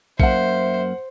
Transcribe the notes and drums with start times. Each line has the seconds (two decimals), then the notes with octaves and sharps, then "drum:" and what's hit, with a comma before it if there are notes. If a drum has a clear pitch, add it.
0.20 F#2 A#3 C5 E5 F#5 C#7, drum: kick